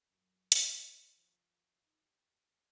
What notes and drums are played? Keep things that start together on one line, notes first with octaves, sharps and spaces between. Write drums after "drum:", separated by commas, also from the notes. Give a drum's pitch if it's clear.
F#2
C5, drum: hi-hat
C5
F3
D#4
G4